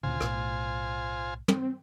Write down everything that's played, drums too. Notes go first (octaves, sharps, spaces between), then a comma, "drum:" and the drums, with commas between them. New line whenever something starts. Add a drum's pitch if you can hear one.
D2 A#2 C#3 F4 C5 G#5
B1 A2, drum: rim click
C4, drum: tom